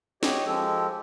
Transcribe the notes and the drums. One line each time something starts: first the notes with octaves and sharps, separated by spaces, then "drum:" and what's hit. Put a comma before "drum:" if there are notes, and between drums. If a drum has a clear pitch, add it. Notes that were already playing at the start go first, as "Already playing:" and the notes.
G4 C#5 D#5, drum: snare
F3 G#3 G4 A4